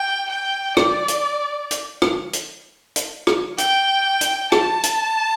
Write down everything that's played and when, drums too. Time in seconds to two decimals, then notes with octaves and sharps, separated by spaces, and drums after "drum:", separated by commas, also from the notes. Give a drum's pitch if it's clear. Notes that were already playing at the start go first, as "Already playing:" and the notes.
Already playing: G5
0.29 G5
0.77 D5, drum: rim click
1.08 drum: hi-hat
1.71 drum: hi-hat
2.02 drum: rim click
2.33 drum: hi-hat
2.96 drum: hi-hat
3.27 drum: rim click
3.58 G5, drum: hi-hat
4.21 drum: hi-hat
4.52 A5, drum: rim click
4.83 drum: hi-hat